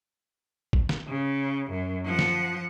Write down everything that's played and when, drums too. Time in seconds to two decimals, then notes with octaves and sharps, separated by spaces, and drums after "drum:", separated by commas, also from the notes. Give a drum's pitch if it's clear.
0.73 drum: kick
0.89 drum: snare
1.08 C#3
1.70 F#2
2.06 F3 F#5
2.19 drum: snare